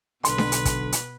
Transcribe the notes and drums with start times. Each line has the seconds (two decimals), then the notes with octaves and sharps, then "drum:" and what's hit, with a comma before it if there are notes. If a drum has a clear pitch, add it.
0.25 B1 B2 D3 B4 C6, drum: hi-hat
0.38 drum: snare D4
0.52 drum: hi-hat
0.65 drum: kick, hi-hat
0.92 drum: hi-hat